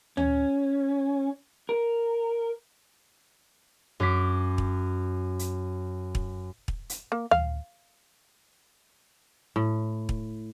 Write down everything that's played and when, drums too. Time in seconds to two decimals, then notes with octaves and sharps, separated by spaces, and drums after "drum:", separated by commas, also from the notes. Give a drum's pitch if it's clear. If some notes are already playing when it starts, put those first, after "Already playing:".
0.17 C#4, drum: tom D2
1.69 A#4
4.00 F#2 C#4 D6 B6
4.58 drum: kick
5.39 drum: hi-hat
6.15 drum: kick
6.68 drum: kick
6.90 drum: hi-hat
7.12 A#3
7.31 F5, drum: tom D2
9.56 A2
10.09 drum: kick